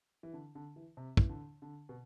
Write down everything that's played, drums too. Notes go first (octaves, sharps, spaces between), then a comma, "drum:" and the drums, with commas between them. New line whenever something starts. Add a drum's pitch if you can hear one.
E3
D3
D3
E3
C3
E3, drum: kick
D3
D3
B2